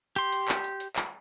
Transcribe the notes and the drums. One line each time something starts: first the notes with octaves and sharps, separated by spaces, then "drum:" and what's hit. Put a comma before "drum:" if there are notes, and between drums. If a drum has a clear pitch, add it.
G4 C6, drum: hi-hat
drum: hi-hat
drum: clap
drum: hi-hat
drum: hi-hat
drum: clap